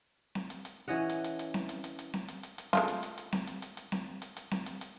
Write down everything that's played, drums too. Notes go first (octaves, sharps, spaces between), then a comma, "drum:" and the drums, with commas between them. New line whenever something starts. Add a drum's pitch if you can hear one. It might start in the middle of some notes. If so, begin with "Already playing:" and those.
drum: snare C4
drum: hi-hat
drum: hi-hat
E3 C#4 D#5 F#5
drum: hi-hat
drum: hi-hat
drum: hi-hat
drum: snare C4
drum: hi-hat
drum: hi-hat
drum: hi-hat
drum: snare C4
drum: hi-hat
drum: hi-hat
drum: hi-hat
G#3 A3 F4, drum: snare C4
drum: hi-hat
drum: hi-hat
drum: hi-hat
drum: snare C4
drum: hi-hat
drum: hi-hat
drum: hi-hat
drum: snare C4
drum: hi-hat
drum: hi-hat
drum: snare C4
drum: hi-hat
drum: hi-hat